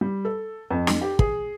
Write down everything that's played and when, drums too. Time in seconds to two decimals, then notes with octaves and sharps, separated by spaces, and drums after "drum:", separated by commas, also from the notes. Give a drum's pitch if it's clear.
0.01 G3
0.25 A4
0.71 F2
0.87 drum: snare
1.01 G4
1.19 G#4, drum: kick